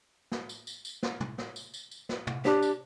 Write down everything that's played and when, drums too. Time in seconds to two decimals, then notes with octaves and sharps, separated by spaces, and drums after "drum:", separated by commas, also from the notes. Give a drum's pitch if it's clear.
0.32 drum: snare
0.49 drum: tambourine
0.67 drum: tambourine
0.85 drum: tambourine
1.03 drum: snare
1.20 drum: tom
1.38 drum: snare
1.56 drum: tambourine
1.74 drum: tambourine
1.91 drum: tambourine
2.09 drum: snare
2.27 drum: tom
2.45 D4 G4, drum: snare
2.62 drum: tambourine